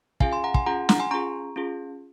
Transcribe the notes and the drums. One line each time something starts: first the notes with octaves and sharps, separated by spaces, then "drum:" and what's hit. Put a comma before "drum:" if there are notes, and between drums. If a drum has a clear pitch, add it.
C#4 F4 G#4 F5 G#5, drum: kick
G#5 C6
F#5 A#5
G#5 C6, drum: kick
C#4 F4 G#4 F#5 A#5
F#5 A#5, drum: snare
G#5 C6
C#4 F4 G#4 A#5 C#6
C#4 F4 G#4